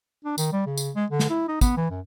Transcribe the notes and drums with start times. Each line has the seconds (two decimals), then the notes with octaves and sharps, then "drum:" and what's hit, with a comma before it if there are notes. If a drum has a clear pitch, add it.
0.25 D4
0.38 D#3, drum: tambourine
0.52 G3
0.66 C#3
0.78 drum: tambourine
0.95 G#3
1.10 D3
1.19 drum: snare
1.30 E4
1.48 D#4
1.61 B3, drum: kick, tambourine
1.77 E3
1.90 F#2